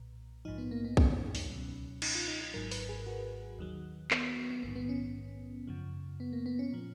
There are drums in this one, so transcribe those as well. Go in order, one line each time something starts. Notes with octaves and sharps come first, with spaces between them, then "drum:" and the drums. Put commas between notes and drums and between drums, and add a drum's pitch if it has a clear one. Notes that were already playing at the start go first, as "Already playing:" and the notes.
Already playing: B1 A#2
A#1 G#2 F3 D#4
B3
A#3
B3
C#4, drum: kick B1
drum: open hi-hat
C#2 B2 F#3
D#4, drum: cymbal
F4
D#4
D#4
G#1 G#2 F#3 A#4
B4, drum: open hi-hat
G#4
F#4
D#2 D#3 F#3
B3, drum: clap
B3
B3
A#1 G#2 D#3 B3
B3
C#4
F#2 C#3 F3
B3
A#3
B3
C#4
A#2 F3